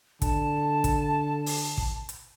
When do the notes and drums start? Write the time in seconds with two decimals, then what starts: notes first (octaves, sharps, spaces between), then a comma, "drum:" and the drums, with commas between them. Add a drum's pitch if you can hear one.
0.22 D3 A5, drum: kick, hi-hat
0.84 drum: kick, hi-hat
1.46 drum: open hi-hat
1.78 drum: kick
2.09 drum: hi-hat